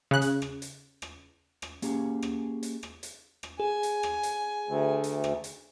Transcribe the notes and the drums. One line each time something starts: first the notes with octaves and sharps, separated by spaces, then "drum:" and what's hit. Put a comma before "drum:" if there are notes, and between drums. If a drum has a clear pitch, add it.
C#3 F#6
drum: hi-hat
drum: rim click
drum: hi-hat
drum: rim click
drum: rim click
A#3 C#4 G4 G#4, drum: hi-hat
drum: rim click
drum: hi-hat
drum: rim click
drum: hi-hat
drum: rim click
G#4 G#5
drum: hi-hat
drum: rim click
drum: hi-hat
D2
drum: hi-hat
drum: rim click
drum: hi-hat